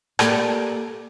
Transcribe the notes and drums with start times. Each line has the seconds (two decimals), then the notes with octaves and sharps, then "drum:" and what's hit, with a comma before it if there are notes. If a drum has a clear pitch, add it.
0.19 A#3 G4 A4 D5, drum: rim click